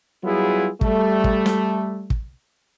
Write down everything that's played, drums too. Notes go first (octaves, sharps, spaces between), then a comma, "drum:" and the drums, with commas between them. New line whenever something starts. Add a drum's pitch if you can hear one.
F#3 G3 B3 E4 F4 G#4
G3 A3, drum: kick
drum: kick
drum: snare
drum: kick